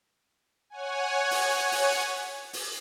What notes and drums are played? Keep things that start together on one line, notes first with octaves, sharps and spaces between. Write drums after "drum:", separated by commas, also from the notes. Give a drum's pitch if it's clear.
C#5 F#5 G#5
drum: open hi-hat
drum: open hi-hat
drum: hi-hat
drum: open hi-hat